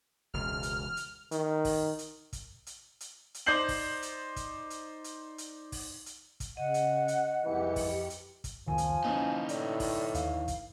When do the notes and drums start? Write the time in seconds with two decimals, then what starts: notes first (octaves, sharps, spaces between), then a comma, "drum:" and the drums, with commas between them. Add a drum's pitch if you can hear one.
0.34 E1 C#2 F6
0.63 drum: hi-hat
0.97 drum: hi-hat
1.31 D#3, drum: hi-hat
1.65 drum: kick, open hi-hat
1.99 drum: hi-hat
2.33 drum: kick, hi-hat
2.67 drum: hi-hat
3.01 drum: hi-hat
3.34 drum: hi-hat
3.46 D#4 C5 D5 G6 C7 F#7
3.68 drum: kick, open hi-hat
4.02 drum: hi-hat
4.36 drum: kick, hi-hat
4.70 drum: hi-hat
5.04 drum: hi-hat
5.38 drum: hi-hat
5.72 drum: kick, open hi-hat
6.06 drum: hi-hat
6.40 drum: kick, hi-hat
6.57 C#3 D#5 F#5
6.74 drum: hi-hat
7.08 drum: hi-hat
7.44 C2 F2 G#2 E3 G4 C#7
7.76 drum: kick, open hi-hat
8.10 drum: hi-hat
8.44 drum: kick, hi-hat
8.68 F1 C#2 D#3 F3 G#5
8.78 drum: hi-hat
9.04 E3 A#3 C4 C#4 D#4
9.49 A2 D5, drum: hi-hat
9.80 drum: kick, open hi-hat
10.15 D#2 F5, drum: hi-hat
10.48 drum: kick, hi-hat